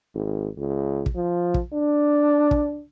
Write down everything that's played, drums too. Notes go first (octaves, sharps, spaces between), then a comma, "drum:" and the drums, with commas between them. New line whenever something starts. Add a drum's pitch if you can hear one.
G#1
C#2
drum: kick
F3
drum: kick
D4
drum: kick